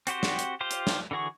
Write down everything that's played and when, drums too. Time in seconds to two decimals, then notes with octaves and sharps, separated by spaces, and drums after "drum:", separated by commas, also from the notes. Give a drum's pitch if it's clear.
0.07 C4 F#4 G4 C5, drum: hi-hat
0.23 drum: snare
0.39 drum: hi-hat
0.61 F4 G4 C5
0.71 drum: hi-hat
0.87 drum: snare
1.11 D3 E3 F#4 G#4 C#6